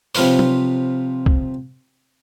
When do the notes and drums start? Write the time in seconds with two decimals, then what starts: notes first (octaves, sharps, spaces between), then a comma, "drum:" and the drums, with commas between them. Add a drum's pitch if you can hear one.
0.15 C3 F3 F4 B4 C#5, drum: open hi-hat
0.39 drum: tom F#3
1.26 drum: kick